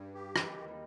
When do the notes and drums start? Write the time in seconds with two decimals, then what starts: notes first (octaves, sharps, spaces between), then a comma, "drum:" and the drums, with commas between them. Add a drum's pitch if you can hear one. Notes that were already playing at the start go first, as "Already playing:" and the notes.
Already playing: G2 C#3
0.15 G4
0.36 D#3 E3, drum: rim click
0.47 C#3
0.58 D#2 D#3
0.68 G3